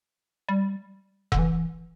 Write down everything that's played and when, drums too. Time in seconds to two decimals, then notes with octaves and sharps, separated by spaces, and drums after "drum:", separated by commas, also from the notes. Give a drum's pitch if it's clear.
0.49 G3
1.32 D3, drum: kick E1
1.39 E3